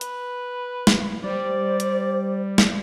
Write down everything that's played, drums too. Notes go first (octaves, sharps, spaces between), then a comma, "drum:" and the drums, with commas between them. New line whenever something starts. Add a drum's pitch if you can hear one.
B4, drum: hi-hat
drum: snare
G3 C5 D5
drum: hi-hat
drum: snare